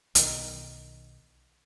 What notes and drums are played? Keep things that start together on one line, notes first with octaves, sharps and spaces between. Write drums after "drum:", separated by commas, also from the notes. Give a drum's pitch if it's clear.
B1 D#3, drum: hi-hat